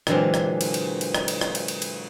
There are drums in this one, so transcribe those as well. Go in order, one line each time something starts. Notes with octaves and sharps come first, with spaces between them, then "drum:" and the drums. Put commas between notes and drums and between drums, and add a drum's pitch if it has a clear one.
A#2 D3 E3 F#3 G#3 C4, drum: rim click
drum: rim click
drum: cymbal
drum: cymbal
drum: cymbal
drum: rim click
drum: cymbal
drum: rim click
drum: cymbal
drum: cymbal
drum: cymbal